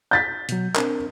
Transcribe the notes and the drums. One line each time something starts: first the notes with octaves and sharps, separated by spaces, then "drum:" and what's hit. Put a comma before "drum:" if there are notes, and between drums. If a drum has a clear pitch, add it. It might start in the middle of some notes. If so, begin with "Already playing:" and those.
G6 A6 B6
B2 F#3, drum: hi-hat
C4 D4 A#4, drum: clap